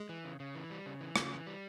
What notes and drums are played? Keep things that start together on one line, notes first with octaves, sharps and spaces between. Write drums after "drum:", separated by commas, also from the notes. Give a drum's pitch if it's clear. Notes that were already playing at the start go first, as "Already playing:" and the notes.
Already playing: G#3
E3
C#3
C#3
E3
G3
C#3
E3
C#3, drum: rim click
E3
G3